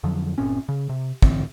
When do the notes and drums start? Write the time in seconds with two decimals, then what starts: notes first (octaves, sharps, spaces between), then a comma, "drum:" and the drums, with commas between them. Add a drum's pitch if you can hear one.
0.04 F2 D3 F3 F#3
0.38 G1 A#2 C4 C#4
0.69 C#3
0.89 C3
1.22 G#2 D3 E3 C4, drum: kick